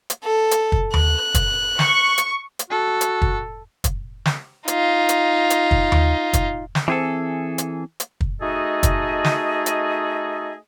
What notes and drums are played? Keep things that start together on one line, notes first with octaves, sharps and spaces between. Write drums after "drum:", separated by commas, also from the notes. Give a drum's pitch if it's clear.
drum: hi-hat
A4
drum: hi-hat
drum: kick
F#6, drum: tom D#2
drum: kick, hi-hat
C#6, drum: snare
drum: hi-hat
drum: hi-hat
F#4 A4
drum: hi-hat
drum: kick
drum: kick, hi-hat
drum: snare
D#4 F4, drum: hi-hat
drum: hi-hat
drum: hi-hat
drum: kick
drum: tom D#2
drum: kick, hi-hat
drum: snare
E3 C4 G#4 A4
drum: hi-hat
drum: hi-hat
drum: kick
A3 D#4 F#4 G#4 A4 D#5
drum: kick, hi-hat
drum: snare
drum: hi-hat